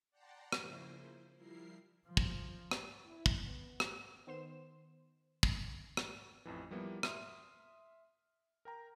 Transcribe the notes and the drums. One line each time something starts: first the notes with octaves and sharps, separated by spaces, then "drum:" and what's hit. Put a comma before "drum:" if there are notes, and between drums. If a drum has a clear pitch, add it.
D5 F#5 G5 A5 A#5 C6
C#3 F3 A#3 E4 C5, drum: rim click
F3 G3 E4 A#4 C7
F3
drum: kick
drum: rim click
E4
drum: kick
B3
drum: rim click
D#3 B3 C5 C6 E7
drum: kick
drum: rim click
A1 F2 E3
F3 G3 A#3 B3 E4
E5 C6 D#6 F6, drum: rim click
A#4 G5 A#5